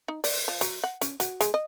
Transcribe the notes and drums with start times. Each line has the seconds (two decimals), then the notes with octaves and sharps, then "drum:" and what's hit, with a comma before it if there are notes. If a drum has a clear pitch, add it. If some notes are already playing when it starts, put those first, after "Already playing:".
0.08 D#4
0.24 D5, drum: open hi-hat
0.48 F3
0.61 F#3, drum: hi-hat
0.84 F#5
1.01 C#4, drum: hi-hat
1.20 F#4, drum: hi-hat
1.41 G#3, drum: hi-hat
1.54 D#5